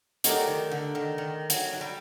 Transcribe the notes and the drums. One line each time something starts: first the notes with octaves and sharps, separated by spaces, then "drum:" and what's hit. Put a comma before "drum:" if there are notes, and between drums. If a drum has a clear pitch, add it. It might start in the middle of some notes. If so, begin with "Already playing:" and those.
F#3 A3 D#4 G4 A#4 D5, drum: hi-hat
D#3
D3
D#3
D#3
F#3, drum: hi-hat
F#3
G3